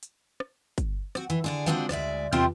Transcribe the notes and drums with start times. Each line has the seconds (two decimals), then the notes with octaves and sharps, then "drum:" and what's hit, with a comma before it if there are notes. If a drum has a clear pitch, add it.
0.03 drum: hi-hat
0.40 drum: rim click
0.78 drum: kick, hi-hat
1.15 C4 F#4, drum: rim click
1.30 E3
1.44 D3 D4 G#4
1.66 F3 G#3 C4 D4 D#4 F#4
1.89 D2 G#3 D5 E5, drum: rim click
2.32 E2 C3 C4 F4 G5 A5